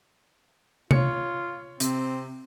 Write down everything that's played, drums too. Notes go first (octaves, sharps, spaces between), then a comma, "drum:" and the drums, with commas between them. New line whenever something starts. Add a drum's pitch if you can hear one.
F4 C#5 C#7, drum: tom C3
C3 C4, drum: hi-hat